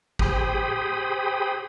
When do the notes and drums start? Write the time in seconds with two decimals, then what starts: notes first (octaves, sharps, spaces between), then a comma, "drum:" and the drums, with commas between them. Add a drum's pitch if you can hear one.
0.19 G4 G#4 C5 G5 B5 D#6, drum: kick G#1